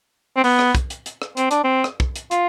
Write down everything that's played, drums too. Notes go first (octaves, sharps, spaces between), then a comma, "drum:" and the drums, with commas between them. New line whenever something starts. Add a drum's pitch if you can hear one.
C4
B3, drum: open hi-hat
drum: rim click
drum: kick, hi-hat
drum: hi-hat
drum: hi-hat
drum: rim click
C4, drum: hi-hat
D4, drum: hi-hat
C4
drum: rim click
drum: kick
drum: hi-hat
F4, drum: hi-hat